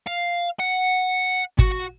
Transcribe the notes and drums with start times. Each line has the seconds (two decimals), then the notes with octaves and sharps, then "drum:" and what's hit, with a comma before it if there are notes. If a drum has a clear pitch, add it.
0.07 F5
0.59 F#5
1.59 F#4, drum: kick